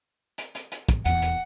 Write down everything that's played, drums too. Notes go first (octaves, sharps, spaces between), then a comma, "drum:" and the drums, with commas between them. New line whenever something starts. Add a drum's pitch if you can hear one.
drum: hi-hat
drum: hi-hat
drum: hi-hat
drum: kick, hi-hat
D#1 E2 F#5, drum: hi-hat
drum: hi-hat